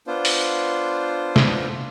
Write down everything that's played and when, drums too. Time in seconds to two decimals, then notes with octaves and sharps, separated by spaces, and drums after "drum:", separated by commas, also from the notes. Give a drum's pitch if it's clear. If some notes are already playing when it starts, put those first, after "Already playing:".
0.07 B3 D4 F4 C5
0.25 drum: open hi-hat
1.36 drum: snare